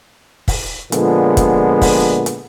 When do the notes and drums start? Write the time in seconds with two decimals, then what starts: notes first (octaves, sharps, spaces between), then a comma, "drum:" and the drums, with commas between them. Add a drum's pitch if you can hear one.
0.48 drum: kick, open hi-hat
0.92 A#2 D3 F3 G#3 B3, drum: hi-hat
1.37 drum: kick, hi-hat
1.81 drum: kick, open hi-hat
2.26 drum: hi-hat